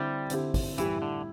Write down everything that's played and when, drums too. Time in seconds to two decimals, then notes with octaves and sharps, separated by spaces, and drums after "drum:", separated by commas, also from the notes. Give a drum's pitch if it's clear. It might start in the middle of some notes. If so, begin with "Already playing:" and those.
Already playing: D3 G3 C4 E4 G4
0.30 D3 C4 E4 G4, drum: hi-hat
0.54 drum: kick, open hi-hat
0.78 A2 E3 G3 E4 G4, drum: hi-hat
1.02 D3